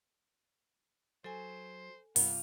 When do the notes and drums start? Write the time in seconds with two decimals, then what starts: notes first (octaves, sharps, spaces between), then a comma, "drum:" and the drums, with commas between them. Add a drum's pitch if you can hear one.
1.24 F#3 A4 C5 G#5
2.16 G2 C3 B3 F4, drum: open hi-hat